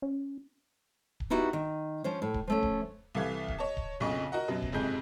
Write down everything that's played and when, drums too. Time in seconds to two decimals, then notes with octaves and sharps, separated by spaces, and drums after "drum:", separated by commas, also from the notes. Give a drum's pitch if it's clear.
0.02 C#4
1.20 drum: kick D1
1.30 B3 D#4 E4 F#4 G4
1.53 D#3
2.04 F3 C#4 C5
2.22 A2
2.34 drum: kick D1
2.47 F3 A3 C#4
2.63 drum: kick D1
3.15 C2 E3 A4 F5 G#6
3.48 drum: kick D1
3.58 C#5 D#5 A5
3.77 drum: kick D1
4.00 B1 F2 A#2 C#3 D#5 C#6
4.32 F#4 A#4 D#5 F#5
4.48 F#2 B2 F#3
4.62 drum: kick D1
4.72 F#1 F2 G#2 C3 G#4 G6